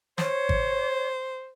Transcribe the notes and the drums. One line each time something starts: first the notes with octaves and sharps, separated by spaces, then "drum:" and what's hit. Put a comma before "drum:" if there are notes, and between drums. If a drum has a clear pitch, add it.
C5 C#5, drum: snare
drum: kick G#1